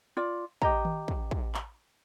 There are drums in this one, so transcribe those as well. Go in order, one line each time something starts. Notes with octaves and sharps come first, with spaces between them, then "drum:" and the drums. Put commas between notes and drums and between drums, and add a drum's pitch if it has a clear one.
F4 D5
G4 D#5 A#5, drum: kick
drum: tom D#3
drum: kick
drum: kick
drum: clap